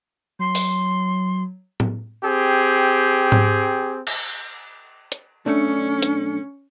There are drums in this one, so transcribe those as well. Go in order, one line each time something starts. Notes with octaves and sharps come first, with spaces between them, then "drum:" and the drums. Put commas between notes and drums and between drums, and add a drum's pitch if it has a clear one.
F#3 C6
drum: open hi-hat
drum: tom A2
C4 G4 G#4
drum: tom G#2
drum: cymbal
drum: hi-hat
B1 A3 C#4 D4 C#7
drum: hi-hat